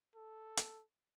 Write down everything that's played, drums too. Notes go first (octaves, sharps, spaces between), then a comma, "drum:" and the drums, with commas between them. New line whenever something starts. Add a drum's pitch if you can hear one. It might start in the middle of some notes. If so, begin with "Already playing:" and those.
A4
drum: hi-hat